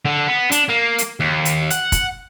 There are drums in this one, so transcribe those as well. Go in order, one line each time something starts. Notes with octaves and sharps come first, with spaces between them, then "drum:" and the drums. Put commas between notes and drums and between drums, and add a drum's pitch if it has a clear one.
D3
B3
D4, drum: hi-hat
A#3
drum: hi-hat
D#2
drum: hi-hat
F#5, drum: hi-hat
drum: kick, hi-hat